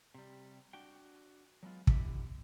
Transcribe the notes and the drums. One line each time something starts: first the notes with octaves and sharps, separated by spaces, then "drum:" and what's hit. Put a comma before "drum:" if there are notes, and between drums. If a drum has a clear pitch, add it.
C3 G3
D4 F#4 G5
F#3 G#3 B3 F4
B2 D3 E3 G4 E5, drum: kick